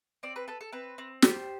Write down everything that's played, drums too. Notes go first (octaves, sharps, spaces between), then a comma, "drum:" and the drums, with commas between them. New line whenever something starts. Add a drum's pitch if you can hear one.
C4 D5
B4
A4 B4
A4
C4 B4
C4
G4 C5, drum: snare